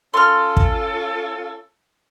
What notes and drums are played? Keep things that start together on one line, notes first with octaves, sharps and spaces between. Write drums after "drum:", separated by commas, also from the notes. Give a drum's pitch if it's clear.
C#4 F4 A4 C6 F6
drum: kick